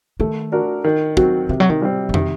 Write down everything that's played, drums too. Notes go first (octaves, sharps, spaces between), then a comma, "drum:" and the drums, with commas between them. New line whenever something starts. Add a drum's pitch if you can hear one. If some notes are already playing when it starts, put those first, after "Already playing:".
D#3 A3
D4 F#4 A#4
D#3
F#3 C4 F#4, drum: kick
C3 D#3
F#3
D#3
G3 C4
F#3
C3 D#3, drum: tom